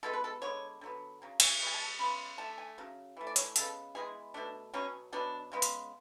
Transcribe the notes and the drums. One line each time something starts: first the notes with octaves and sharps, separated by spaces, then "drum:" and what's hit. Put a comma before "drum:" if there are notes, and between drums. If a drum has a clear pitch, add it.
B2 G#3 B3 A4
B4
A4
D3 G#3 B3 C#5
D3 F#3 B3
C#3 F#3
G#5, drum: cymbal
B2 G#3
G#5
A5
C#3 G#3 B3 B5
D3 A3 A5
G#5
C#3 F#3
E3 A3
D5
C#5, drum: hi-hat
C#3 G#3 B3 A4, drum: hi-hat
E3 G#3 B3 G#4
B2 A3 D4
B2 F#3 B3 C#4
B2 F#3 B3 D4
C#3 G#3 B3
drum: hi-hat